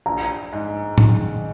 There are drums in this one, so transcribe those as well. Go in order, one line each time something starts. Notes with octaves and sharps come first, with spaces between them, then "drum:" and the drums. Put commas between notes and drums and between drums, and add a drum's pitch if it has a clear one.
A#1 A#5
G#2
D#3, drum: tom A2